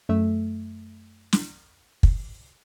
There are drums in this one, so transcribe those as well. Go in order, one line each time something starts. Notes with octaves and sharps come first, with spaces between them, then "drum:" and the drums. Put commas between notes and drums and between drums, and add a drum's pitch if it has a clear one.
F#2 A3 E5
drum: snare
drum: kick